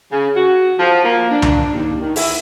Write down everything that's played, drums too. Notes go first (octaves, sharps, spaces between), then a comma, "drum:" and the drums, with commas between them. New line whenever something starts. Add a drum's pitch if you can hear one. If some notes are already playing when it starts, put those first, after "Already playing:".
C#3
F#4
F3
A#3
D4
drum: tom C#2
D#2
D#3
E4, drum: open hi-hat